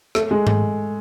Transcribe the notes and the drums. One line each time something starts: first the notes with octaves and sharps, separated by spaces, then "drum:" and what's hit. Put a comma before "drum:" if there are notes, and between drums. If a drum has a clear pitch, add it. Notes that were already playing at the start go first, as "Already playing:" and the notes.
A3, drum: rim click
G#3
drum: tom G#2